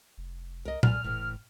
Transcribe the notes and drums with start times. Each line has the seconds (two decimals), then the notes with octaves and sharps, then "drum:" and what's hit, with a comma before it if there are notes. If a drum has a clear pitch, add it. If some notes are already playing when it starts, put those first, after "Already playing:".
0.18 F1
0.65 C2 A#4 D#5
0.83 B1 D5 G#5 F6, drum: tom A#2
1.04 F#1 A2 E3